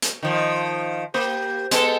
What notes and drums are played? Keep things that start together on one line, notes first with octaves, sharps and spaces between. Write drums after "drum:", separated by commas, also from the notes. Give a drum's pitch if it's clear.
drum: hi-hat
D#3 F3
A#3 G4 C5
G#3 B3 A4, drum: hi-hat